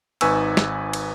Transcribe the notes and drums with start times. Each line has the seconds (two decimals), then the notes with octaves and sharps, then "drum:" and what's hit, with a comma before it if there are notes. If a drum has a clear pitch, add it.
0.21 G#1 D#4 B4 G#5 C#6 E6, drum: cymbal
0.57 drum: snare
0.93 drum: cymbal